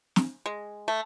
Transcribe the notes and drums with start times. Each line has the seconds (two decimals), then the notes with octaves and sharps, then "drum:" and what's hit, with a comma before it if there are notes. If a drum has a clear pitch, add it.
0.16 drum: snare
0.46 G#3
0.88 A3